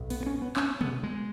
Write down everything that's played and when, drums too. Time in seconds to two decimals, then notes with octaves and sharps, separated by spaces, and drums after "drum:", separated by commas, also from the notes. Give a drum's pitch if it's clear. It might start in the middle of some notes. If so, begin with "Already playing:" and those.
Already playing: B1 A#2
0.10 B3, drum: open hi-hat
0.21 B3
0.26 C#4
0.42 B3
0.57 C#4, drum: clap
0.81 B3, drum: tom B2
1.03 G#3